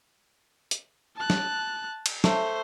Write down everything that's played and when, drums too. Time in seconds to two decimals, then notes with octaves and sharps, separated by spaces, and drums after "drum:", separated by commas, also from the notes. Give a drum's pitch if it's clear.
0.71 drum: hi-hat
1.16 A5 F#6
1.30 drum: snare
2.06 drum: cymbal
2.24 A3 C5, drum: snare